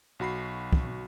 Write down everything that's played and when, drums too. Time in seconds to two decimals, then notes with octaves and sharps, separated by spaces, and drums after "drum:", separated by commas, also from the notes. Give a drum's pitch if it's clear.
0.19 B1 F#4 B5 C7
0.73 drum: kick